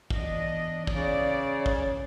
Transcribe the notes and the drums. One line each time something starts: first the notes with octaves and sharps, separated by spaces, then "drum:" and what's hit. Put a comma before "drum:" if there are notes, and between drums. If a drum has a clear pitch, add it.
E2 D4 D#5, drum: kick
C#3 E3 D5, drum: kick
drum: kick